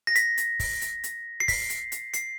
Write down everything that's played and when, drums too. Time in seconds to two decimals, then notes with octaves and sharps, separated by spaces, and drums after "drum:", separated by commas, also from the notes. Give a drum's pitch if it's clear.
0.07 A#6
0.16 B6, drum: hi-hat
0.37 drum: hi-hat
0.60 drum: kick, open hi-hat
0.82 drum: hi-hat
1.04 drum: hi-hat
1.40 C7
1.48 B6, drum: kick, open hi-hat
1.70 drum: hi-hat
1.92 drum: hi-hat
2.14 C7, drum: hi-hat